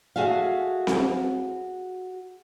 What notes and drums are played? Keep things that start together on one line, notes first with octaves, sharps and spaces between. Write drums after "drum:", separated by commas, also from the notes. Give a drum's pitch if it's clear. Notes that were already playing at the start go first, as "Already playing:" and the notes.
F#4 G#4 A4 E5 F5
drum: snare C4